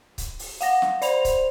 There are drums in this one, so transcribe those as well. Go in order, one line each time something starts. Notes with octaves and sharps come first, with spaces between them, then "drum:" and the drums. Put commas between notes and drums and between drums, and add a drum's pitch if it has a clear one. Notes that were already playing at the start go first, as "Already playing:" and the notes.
drum: kick C#1, hi-hat
drum: open hi-hat
F5 F#5 A#6, drum: hi-hat
drum: snare
C5 D5 B5 F7, drum: hi-hat
drum: kick C#1, hi-hat